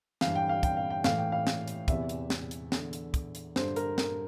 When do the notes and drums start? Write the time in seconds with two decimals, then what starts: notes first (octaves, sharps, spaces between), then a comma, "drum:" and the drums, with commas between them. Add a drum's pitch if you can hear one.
0.21 G2 E3 F5, drum: snare
0.35 G5
0.49 F5
0.63 G5, drum: kick, hi-hat
0.77 F5
0.90 G5
1.04 A2 E3 F5, drum: snare
1.19 G5
1.32 F5
1.47 drum: snare
1.68 drum: hi-hat
1.88 E2 C3 E3 E5, drum: kick, hi-hat
2.09 drum: hi-hat
2.30 drum: snare
2.51 drum: hi-hat
2.72 E2 D3, drum: snare
2.93 drum: hi-hat
3.14 drum: kick, hi-hat
3.35 drum: hi-hat
3.56 G2 D3 C5, drum: snare
3.76 A#4, drum: hi-hat
3.98 A#4, drum: snare